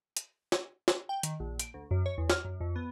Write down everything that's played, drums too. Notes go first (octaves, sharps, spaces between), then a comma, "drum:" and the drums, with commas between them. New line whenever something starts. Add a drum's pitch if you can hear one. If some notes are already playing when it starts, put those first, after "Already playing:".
drum: hi-hat
drum: snare
drum: snare
G5
D#3, drum: hi-hat
A#1
D7, drum: hi-hat
D2
F#2
C#5
E2
F6, drum: snare
F#2
F2
B3